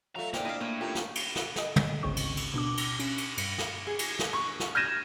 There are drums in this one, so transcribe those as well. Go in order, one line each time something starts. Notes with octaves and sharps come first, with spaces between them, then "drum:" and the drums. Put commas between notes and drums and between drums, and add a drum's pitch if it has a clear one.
F#3 A3 F4 D#5 F5 A#5
G#2 A#3 C4 C5 D5, drum: snare
D4 E4 D#5 F5
A2 A#3
C#4 F4 G4 A4 A#4
drum: snare
drum: cymbal
drum: snare
A4 D#5, drum: snare
drum: tom
G#1 D2 C#3 C4 C#6
drum: cymbal
drum: cymbal
B2 D4 D6
drum: cymbal
C#4, drum: cymbal
drum: cymbal
G2, drum: cymbal
drum: snare
G#4
drum: cymbal
drum: snare
C#6
drum: snare
F6 G6 G#6 A#6 D#7 E7